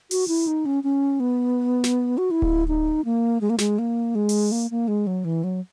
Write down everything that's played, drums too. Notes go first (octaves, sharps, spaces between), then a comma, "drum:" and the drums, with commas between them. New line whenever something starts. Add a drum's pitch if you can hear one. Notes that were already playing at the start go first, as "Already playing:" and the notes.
F#4, drum: open hi-hat
E4
D#4
C#4
C#4
B3
drum: snare
F#4
E4
drum: kick D1
D#4
A#3
G#3
A#3
G#3, drum: snare
A#3
G#3
drum: open hi-hat
A#3
A#3
G#3
F#3
E3
F#3